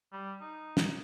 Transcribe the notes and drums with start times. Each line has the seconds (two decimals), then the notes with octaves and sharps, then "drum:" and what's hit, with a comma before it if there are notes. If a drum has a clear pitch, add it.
0.13 G3
0.41 D#4
0.77 drum: snare